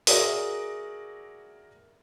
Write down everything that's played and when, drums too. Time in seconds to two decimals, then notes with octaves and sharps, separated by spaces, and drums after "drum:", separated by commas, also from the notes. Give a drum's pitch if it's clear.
0.07 F#4 G#4 A#4 D5 E5, drum: open hi-hat